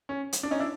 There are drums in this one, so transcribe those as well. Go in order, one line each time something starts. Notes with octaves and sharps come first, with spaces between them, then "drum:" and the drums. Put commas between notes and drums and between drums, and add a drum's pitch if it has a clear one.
C#4
drum: hi-hat
D4
C#4 D#4
D4 E4